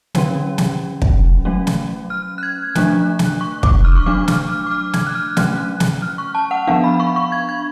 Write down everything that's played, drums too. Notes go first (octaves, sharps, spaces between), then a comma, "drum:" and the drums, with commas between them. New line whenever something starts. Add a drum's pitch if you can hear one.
D3 F#3 C#4, drum: snare
drum: snare
drum: kick
F#3 A3 C#4
drum: snare
F6
F#6
G#6
F3 A3 D4 F#6, drum: snare
drum: snare
C#6
D6, drum: kick
F6
C#6
F#3 A3 D4 D6
F6, drum: snare
F6
D6
F6
G#6, drum: snare
F#6
F6
F#3 A3 C#4 F#6, drum: snare
F#6
drum: snare
F6
C#6
A5
F#5
F3 B3 D4 F5
B5
B5
C#6
C#6
G#6
G#6